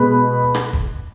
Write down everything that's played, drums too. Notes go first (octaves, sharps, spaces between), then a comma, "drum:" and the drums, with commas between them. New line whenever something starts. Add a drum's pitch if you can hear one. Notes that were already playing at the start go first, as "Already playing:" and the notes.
Already playing: B2 G#3 B4 B5
drum: rim click
drum: kick